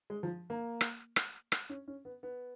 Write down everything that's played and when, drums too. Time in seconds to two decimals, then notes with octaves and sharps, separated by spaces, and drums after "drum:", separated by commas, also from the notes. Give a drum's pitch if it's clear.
0.10 G#3
0.23 F3
0.50 A#3
0.81 drum: rim click
1.16 drum: rim click
1.52 drum: rim click
1.69 C#4
1.88 C#4
2.05 B3
2.23 B3